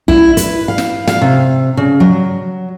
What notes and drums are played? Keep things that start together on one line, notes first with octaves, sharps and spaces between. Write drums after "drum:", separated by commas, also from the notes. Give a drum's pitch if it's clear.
E4, drum: kick
B4, drum: hi-hat
F5
drum: snare
F5, drum: snare
C3
C#3
F#3